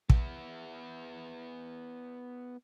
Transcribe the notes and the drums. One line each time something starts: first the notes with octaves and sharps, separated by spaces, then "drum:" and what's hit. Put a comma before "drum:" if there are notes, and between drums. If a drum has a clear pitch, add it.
B3 E4, drum: kick